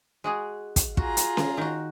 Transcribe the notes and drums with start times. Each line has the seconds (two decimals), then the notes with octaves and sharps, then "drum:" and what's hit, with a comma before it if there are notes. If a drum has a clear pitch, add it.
0.24 G#3 F#4 G#4
0.76 drum: kick, hi-hat
0.97 F4 F#4 G#4 A#5, drum: kick
1.17 drum: hi-hat
1.37 drum: snare C#4
1.57 D#3 F#4